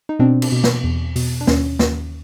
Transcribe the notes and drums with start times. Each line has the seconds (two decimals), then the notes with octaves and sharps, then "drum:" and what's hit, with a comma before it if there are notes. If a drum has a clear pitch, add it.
0.09 D#4
0.19 B2 C4 D4
0.42 drum: cymbal
0.52 B2
0.64 drum: snare
0.84 E2
1.16 B2, drum: open hi-hat
1.41 D4
1.47 D#2 C#4, drum: snare
1.79 D#2, drum: snare